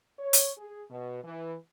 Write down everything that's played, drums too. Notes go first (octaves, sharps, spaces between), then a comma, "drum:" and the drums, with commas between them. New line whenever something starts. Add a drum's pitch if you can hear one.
C#5
drum: hi-hat
G#4
B2
E3